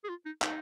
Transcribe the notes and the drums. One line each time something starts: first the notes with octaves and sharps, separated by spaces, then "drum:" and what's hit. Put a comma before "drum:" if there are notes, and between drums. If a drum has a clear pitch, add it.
G#4
F4
D#4
D#4, drum: clap